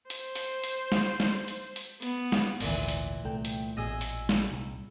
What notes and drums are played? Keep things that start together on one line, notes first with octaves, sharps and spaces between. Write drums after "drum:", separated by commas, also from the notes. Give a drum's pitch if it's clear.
C5, drum: hi-hat
drum: hi-hat
drum: hi-hat
drum: snare
drum: snare
drum: hi-hat
drum: hi-hat
B3, drum: hi-hat
drum: snare
G#1 D2 A#2 E3, drum: open hi-hat
drum: hi-hat
C2 A3 G5
drum: hi-hat
A1 B2 G#4 D#5 E6
drum: hi-hat
drum: snare
C2